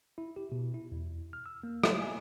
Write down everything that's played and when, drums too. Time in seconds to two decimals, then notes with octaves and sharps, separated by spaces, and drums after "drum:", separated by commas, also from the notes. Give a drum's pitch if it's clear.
0.18 E4
0.36 G4
0.52 B2
0.74 E4
0.92 E2
1.33 F6
1.46 E6
1.63 A#3
1.84 F#3, drum: rim click
2.02 G#5